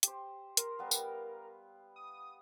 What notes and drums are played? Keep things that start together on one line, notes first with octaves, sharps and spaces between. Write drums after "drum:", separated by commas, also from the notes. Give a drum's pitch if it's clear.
G4 C5, drum: hi-hat
A#4 A#5 C6, drum: hi-hat
G3 B3 F5
drum: tambourine
D#6